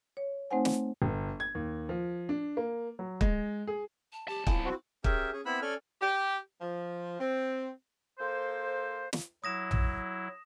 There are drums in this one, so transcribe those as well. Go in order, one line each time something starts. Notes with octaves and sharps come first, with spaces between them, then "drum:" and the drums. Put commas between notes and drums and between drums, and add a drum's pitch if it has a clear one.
C#5
A3 C4 D#4 C5 F#5 G#5
drum: snare
G1
G#6
D#2
F3
D4
A#3
F#3
G#3, drum: kick
G#4
A5
C2 G4 A5
B3 E4 F4 G#5, drum: kick
C4 F#4
C#4 G4 G#4 A#4 E5, drum: kick
C#4 G#4
B3 C4 E4 B5 E6 F#6
C#4 A4 D5 G#5 F6
G4
F3
C4
A#3 A4 C5
drum: snare
F#3 E4 D#6 A#6 E7
drum: tom A#1